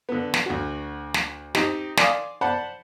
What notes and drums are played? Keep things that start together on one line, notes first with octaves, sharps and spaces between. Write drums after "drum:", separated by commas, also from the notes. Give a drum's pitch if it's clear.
D3 B3
drum: snare
D2 F#4
drum: snare
C4 D#4 G4, drum: snare
D5 F5 G#5 C6 D6 D#6, drum: snare
C5 D5 F#5 A5 B5